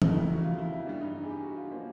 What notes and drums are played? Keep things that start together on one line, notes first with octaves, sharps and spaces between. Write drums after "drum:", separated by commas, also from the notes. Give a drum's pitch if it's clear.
F2 C#3 E3 A3 D#4, drum: tom E3
E4
F#4
F4
E4
E4
G2 E3 G3 D4
D#4
D#4
G#4
G4
F#4
F4
F3 A#3 C#4